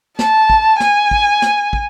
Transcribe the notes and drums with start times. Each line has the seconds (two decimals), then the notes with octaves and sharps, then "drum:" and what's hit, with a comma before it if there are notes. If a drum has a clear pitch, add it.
0.19 A5, drum: snare
0.50 drum: kick
0.80 G#5, drum: snare
1.11 drum: kick
1.42 drum: snare
1.73 drum: kick